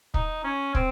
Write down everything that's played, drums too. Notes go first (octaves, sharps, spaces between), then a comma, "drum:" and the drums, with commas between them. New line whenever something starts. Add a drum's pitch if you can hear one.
D#4, drum: kick
C#4
C4, drum: kick